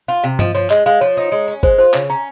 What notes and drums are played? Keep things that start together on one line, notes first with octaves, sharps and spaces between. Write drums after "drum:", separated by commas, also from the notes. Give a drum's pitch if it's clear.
F4
C3
F3 D#5, drum: tom G2
F3 C#5
G#3 D#5, drum: clap
G#3 F5
F3 C#5
D#4
G#3
C#4
G#3 C5, drum: kick G1
F4 C5
C#3 C#5, drum: clap
C#4 A#5